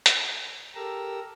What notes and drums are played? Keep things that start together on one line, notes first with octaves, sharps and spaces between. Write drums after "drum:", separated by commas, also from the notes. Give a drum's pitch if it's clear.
drum: hi-hat
G4 A4 A#4 A#5 E6